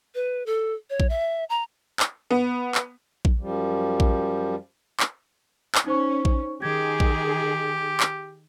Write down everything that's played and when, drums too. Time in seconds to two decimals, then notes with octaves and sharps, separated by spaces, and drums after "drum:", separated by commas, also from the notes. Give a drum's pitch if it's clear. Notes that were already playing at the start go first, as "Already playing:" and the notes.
0.15 B4
0.46 A4
0.90 C#5
1.00 drum: kick A#1
1.09 E5
1.50 A#5
2.00 drum: clap
2.31 B3
2.75 drum: clap
3.25 drum: kick A#1
3.39 F#2 F3 G3
4.00 drum: kick A#1
5.00 drum: clap
5.75 drum: clap
5.86 C#4 D#4 C5 C#6
6.25 drum: kick A#1
6.62 D#3 G4 G#4 G#6
7.00 drum: kick A#1
8.00 drum: clap